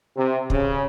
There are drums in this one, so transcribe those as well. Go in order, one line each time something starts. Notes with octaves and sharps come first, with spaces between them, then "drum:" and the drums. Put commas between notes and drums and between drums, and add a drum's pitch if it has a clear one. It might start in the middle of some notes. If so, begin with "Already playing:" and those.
C3
C#3, drum: kick